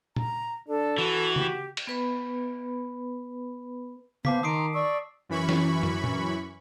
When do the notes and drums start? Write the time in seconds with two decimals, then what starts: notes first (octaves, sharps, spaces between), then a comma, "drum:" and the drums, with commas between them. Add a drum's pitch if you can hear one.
0.16 A#5, drum: tom
0.68 D4 A4
0.98 E3 F#4
1.36 G4, drum: tom
1.77 drum: cymbal
1.87 B3 B4 B5
4.25 B3 C5 F5 A5 D6 B6, drum: tom
4.43 D#3 A#5 C6 D#6 C7 D7
4.73 D5 C#6 E6
5.29 F#2 E3 B5 C#6
5.49 drum: snare
5.83 drum: tom
6.04 drum: tom